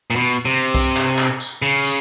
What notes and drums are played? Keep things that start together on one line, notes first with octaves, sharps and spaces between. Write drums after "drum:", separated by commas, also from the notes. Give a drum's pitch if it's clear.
A#2
B2
C3
drum: kick, tambourine
drum: clap
drum: clap
drum: tambourine
C#3, drum: tambourine
drum: tambourine